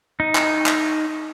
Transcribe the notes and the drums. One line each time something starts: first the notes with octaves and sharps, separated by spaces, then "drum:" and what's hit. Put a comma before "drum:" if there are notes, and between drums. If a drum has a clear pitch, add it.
D#4
drum: clap
drum: clap